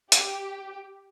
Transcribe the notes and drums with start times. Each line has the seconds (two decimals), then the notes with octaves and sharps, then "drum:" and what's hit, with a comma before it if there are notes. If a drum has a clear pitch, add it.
0.12 G4, drum: hi-hat